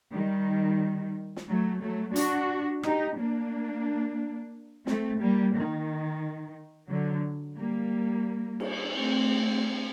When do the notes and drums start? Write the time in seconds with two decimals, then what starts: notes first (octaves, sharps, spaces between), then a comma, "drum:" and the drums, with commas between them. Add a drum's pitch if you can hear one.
0.13 D#3 G3
1.36 drum: snare
1.49 F#3 A3
1.82 F#3 A3
2.16 D4 F#4, drum: hi-hat
2.83 D#4 G4, drum: rim click
3.17 A#3 D4
4.87 A3 C4, drum: snare
5.21 G3 A#3
5.55 D#3
6.90 D3 F#3
7.58 G3 A#3
8.60 drum: cymbal
8.93 A3 C4